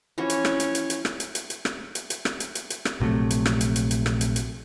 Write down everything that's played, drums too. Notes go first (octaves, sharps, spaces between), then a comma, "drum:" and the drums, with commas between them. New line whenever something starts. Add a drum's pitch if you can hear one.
E3 F3 C#4 F#4
drum: hi-hat
drum: rim click
drum: hi-hat
drum: hi-hat
drum: hi-hat
drum: rim click
drum: hi-hat
drum: hi-hat
drum: hi-hat
drum: rim click
drum: hi-hat
drum: hi-hat
drum: rim click
drum: hi-hat
drum: hi-hat
drum: hi-hat
drum: rim click
A#1 C3 F#3 A3
drum: hi-hat
drum: rim click
drum: hi-hat
drum: hi-hat
drum: hi-hat
drum: rim click
drum: hi-hat
drum: hi-hat